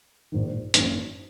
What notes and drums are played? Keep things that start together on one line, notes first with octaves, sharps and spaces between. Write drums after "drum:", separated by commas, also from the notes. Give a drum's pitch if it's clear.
A#1 G#2 D#3
G#1 F#2 D#3 A#3, drum: hi-hat